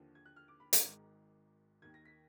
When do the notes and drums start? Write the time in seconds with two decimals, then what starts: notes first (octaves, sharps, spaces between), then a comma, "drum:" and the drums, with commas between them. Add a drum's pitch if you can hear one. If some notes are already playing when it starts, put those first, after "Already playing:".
Already playing: D#2 D3 F3
0.15 G#6
0.26 F#6
0.36 F6
0.48 D6
0.60 B5
0.73 A#5, drum: hi-hat
0.84 G#1 G#2 D#3
1.82 D#2 D#3 G#6
1.94 A#6
2.05 B6